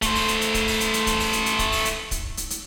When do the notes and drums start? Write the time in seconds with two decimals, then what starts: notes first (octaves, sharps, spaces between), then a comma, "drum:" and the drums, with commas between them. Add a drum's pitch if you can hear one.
0.02 A3 C5, drum: kick, hi-hat
0.15 drum: open hi-hat
0.28 drum: hi-hat
0.41 drum: hi-hat
0.54 drum: kick, hi-hat
0.67 drum: open hi-hat
0.80 drum: hi-hat
0.93 drum: hi-hat
1.07 drum: kick, hi-hat
1.20 drum: open hi-hat
1.33 drum: hi-hat
1.46 drum: hi-hat
1.59 drum: kick, hi-hat
1.72 drum: open hi-hat
1.85 drum: hi-hat
2.11 drum: kick, hi-hat
2.37 drum: hi-hat
2.50 drum: hi-hat